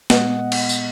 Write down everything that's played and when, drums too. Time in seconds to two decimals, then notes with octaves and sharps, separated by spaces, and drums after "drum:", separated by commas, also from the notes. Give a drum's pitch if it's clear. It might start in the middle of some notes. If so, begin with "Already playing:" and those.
0.10 A#2 G#3 B3 D#5 F#5, drum: snare
0.52 drum: cymbal
0.69 drum: tambourine